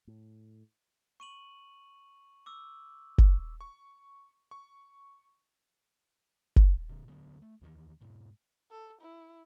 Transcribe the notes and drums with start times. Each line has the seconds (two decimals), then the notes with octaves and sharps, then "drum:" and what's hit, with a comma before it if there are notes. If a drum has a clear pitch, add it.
0.07 A2
1.20 C#6 D#7 F#7
2.46 D6 E6
3.18 drum: kick F#1
3.61 C#6
4.51 C#6
6.56 drum: kick F#1
6.89 A#2 D3
7.08 D2 D3 F#3 B3
7.42 A3
7.61 D#2 D#3 E3
8.01 G#2 B2
8.71 A4
9.01 E4